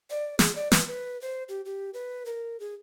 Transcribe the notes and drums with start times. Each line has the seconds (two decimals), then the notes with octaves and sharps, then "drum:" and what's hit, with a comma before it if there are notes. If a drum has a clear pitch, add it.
0.10 D5
0.39 G#4, drum: snare
0.55 D5
0.72 B4, drum: snare
0.87 B4
1.21 C5
1.49 G4
1.65 G4
1.94 B4
2.26 A#4
2.60 G#4